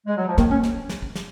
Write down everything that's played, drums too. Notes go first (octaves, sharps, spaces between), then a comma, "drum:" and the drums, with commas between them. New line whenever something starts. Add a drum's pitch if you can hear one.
G#3
F#3
F3
D#3 A#3, drum: snare
C#4, drum: kick
drum: snare
drum: snare
drum: kick
drum: snare